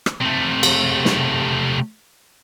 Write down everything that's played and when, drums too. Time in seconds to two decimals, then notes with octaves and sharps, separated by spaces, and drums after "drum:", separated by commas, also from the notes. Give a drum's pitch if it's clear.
0.06 drum: rim click
0.21 C3 A3
0.63 drum: cymbal
1.05 drum: snare